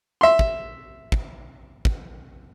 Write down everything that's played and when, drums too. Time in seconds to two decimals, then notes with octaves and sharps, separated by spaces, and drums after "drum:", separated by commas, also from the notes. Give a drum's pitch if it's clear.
0.21 E5 C6
0.39 drum: kick
1.12 drum: kick
1.85 drum: kick